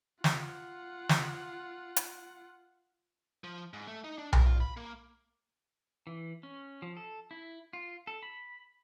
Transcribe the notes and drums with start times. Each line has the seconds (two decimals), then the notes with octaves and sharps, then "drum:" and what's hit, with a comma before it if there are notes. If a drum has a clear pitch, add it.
0.24 F4 F#5, drum: snare
1.09 drum: snare
1.96 drum: hi-hat
3.44 F3
3.73 G#2
3.88 A3
4.04 D#4
4.18 D4
4.33 A#4, drum: tom B1
4.46 F4
4.61 B5
4.77 A#3
6.07 E3
6.43 C#4
6.82 F3
6.97 A4
7.31 E4
7.73 F4
8.07 A4
8.23 B5